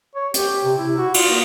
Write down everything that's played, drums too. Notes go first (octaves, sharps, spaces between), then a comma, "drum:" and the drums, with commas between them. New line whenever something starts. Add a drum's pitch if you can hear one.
C#5
G4, drum: hi-hat
C3
E4
F#4
F4, drum: cymbal
A#3